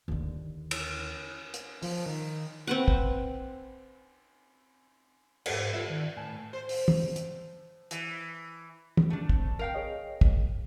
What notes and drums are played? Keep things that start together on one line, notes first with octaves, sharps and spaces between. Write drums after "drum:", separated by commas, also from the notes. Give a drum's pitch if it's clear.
D#2 D3
drum: cymbal
drum: hi-hat
F3, drum: open hi-hat
D#3
C4 B4 F#5
drum: kick
G#2 G4 C5 D5, drum: cymbal
F4 B4 E5
D#3 D5
A2 G#5 A5
C5
drum: open hi-hat
drum: tom
drum: hi-hat
E3, drum: hi-hat
drum: tom
A3 D4
C4, drum: kick
A#4 F5 G5
G#4 C#5 D#5
drum: kick